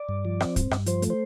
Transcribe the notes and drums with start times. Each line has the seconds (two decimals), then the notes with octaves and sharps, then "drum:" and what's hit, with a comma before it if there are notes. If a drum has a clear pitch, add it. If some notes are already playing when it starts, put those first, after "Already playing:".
Already playing: D5
0.09 G2
0.25 F3
0.40 C4, drum: rim click
0.56 G2, drum: kick, hi-hat
0.71 G2, drum: rim click
0.86 F3 C5, drum: hi-hat
1.02 A3, drum: hi-hat
1.10 C5